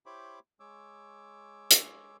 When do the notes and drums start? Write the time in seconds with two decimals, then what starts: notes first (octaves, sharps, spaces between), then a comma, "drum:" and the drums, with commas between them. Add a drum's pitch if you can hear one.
0.06 E4 G4 C5 C#5 B5 D6
0.60 G#3 C#5 D6 E6
1.71 drum: hi-hat